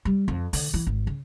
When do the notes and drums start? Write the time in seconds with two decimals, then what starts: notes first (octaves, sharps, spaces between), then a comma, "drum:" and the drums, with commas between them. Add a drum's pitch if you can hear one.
0.05 G3
0.28 F2
0.53 D3, drum: open hi-hat
0.74 E3
0.87 G#1
1.07 C#3